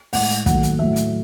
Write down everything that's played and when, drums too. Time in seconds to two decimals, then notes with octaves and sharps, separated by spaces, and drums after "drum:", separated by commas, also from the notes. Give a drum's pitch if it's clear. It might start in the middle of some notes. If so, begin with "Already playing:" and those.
0.13 A2 G#3 F#5, drum: open hi-hat
0.30 drum: hi-hat
0.46 D#2 D#3 F#3 A3 F#5, drum: kick, hi-hat
0.63 drum: hi-hat
0.79 A2 F#3 A3 E5
0.96 drum: hi-hat